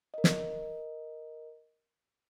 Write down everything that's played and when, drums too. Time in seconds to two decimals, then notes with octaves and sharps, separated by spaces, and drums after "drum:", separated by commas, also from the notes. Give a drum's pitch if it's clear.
0.14 A#4 D#5
0.24 drum: snare